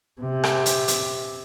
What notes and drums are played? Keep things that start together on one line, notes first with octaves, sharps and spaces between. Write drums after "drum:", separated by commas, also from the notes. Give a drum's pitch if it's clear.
C3
drum: rim click
drum: hi-hat
drum: hi-hat